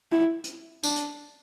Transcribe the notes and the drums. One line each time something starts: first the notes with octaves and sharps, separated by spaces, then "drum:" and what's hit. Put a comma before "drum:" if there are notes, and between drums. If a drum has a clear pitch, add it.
E4
drum: hi-hat
D4, drum: tambourine
drum: hi-hat